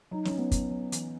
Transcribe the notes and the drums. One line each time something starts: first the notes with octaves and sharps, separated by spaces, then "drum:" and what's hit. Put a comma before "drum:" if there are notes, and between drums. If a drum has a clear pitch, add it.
F#3 D#4
C#4, drum: snare
F#3
B3
F#3, drum: kick, hi-hat
F#3
E3, drum: hi-hat